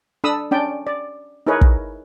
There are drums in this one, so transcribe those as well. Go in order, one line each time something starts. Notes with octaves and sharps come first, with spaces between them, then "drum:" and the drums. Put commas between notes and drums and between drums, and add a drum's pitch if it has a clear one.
D4 A4 B5 D#6 E6
C#4 D4 D5 G5
D5
D#4 E4 G#4 A#4 B4 C#5
drum: kick